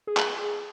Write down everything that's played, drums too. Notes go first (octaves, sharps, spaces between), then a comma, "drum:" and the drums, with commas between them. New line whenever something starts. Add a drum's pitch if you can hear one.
G#4
drum: clap